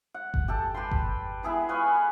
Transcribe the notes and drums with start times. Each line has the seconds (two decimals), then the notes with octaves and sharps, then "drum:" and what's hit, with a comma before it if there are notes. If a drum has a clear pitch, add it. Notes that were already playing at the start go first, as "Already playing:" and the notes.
0.14 F#5
0.34 drum: kick G1
0.48 G4 A4 A5
0.74 G4 B4 B5 C6
0.91 drum: kick G1
1.43 B3 E4 G#4 B4
1.69 F4 B4 G#5 C#6